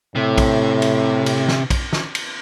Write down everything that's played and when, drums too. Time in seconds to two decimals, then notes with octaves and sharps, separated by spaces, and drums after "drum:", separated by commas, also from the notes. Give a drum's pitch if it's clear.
0.15 A2 C3
0.38 drum: kick, cymbal
0.82 drum: cymbal
1.26 drum: cymbal
1.48 drum: snare
1.70 drum: kick, cymbal
1.93 drum: snare
2.15 drum: cymbal